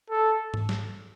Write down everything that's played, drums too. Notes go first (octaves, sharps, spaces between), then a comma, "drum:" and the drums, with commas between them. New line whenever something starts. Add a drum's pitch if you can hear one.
A4
drum: tom G#2
drum: snare